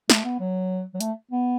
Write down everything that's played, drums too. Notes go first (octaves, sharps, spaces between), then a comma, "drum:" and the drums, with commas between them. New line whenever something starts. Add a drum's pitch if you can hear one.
A3, drum: snare
B3
F#3
F#3
A3, drum: hi-hat
B3